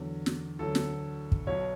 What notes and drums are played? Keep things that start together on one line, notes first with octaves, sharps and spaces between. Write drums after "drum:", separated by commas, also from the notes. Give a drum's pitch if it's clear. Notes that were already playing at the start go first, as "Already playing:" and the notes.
Already playing: E2 D3 F#3
drum: snare
D2 D3 F#3 A4
drum: snare
drum: kick
B1 B2 F#3 C#5